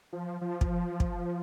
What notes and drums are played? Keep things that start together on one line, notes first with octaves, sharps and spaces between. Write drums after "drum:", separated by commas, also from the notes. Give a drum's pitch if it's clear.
F3
F3
drum: kick
drum: kick